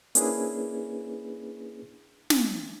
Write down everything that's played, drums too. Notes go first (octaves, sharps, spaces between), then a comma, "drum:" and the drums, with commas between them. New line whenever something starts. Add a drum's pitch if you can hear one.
A#3 C#4 D4 E4 G#4 B4, drum: hi-hat
drum: snare